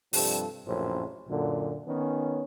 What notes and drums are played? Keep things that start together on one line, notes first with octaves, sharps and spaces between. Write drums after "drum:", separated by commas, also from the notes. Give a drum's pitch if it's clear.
G2 C3 F3 G3 A4, drum: open hi-hat
A#1 F#2 A2 C#3 C5
F#2 A#2 D3
D#3 B3 C#4